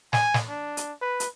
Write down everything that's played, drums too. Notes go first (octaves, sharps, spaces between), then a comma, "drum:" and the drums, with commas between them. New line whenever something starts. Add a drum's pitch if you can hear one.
G#5, drum: snare
drum: snare
D4
drum: hi-hat
B4
drum: hi-hat